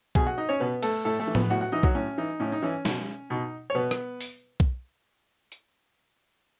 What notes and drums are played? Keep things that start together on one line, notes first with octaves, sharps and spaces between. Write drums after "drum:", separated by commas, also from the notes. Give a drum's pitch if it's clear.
B2 G#4 G#5, drum: kick B1
F#4 F#5
D#4 D#5
C#4 C#5
B2 B3 B4
A3 A4, drum: cymbal
A2 A3 A4
A3 A4
E3
B3 B4, drum: tom
A2 F#4 F#5
F#4 F#5
E3 D#4 D#5
F#3 F#4, drum: kick B1
A2 C#4
E3 D#4
A2 C#4
D#4
E3 C#4
B2, drum: snare
B2 D#4
C#5
B2 B3 B4
drum: rim click
drum: open hi-hat
drum: kick B1
drum: hi-hat